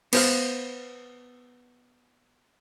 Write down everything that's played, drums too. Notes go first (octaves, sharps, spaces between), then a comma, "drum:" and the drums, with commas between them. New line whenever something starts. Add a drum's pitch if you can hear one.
B3 C5 F5, drum: cymbal